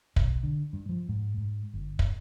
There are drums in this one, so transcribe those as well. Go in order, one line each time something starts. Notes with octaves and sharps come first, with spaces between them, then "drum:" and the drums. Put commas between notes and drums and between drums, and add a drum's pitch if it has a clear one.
B1, drum: kick
D3
G2
F3
G#2
G#2
G1
drum: kick